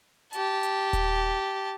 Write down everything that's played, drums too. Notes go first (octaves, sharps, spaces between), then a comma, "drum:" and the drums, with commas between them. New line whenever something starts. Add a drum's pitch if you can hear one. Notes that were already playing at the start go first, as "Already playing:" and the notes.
G4 A5, drum: hi-hat
drum: hi-hat
drum: kick D#1, hi-hat